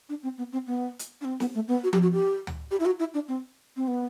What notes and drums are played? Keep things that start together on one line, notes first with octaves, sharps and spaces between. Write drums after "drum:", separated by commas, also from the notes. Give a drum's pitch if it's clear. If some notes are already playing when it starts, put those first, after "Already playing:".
D4
C4
B3
C4
B3
drum: hi-hat
D4
C4
B3, drum: snare
A3
B3
F#4
G4, drum: tom F3
F#4
G4
drum: tom D2
G4
E4
F#4
E4
D4
C4
C4
B3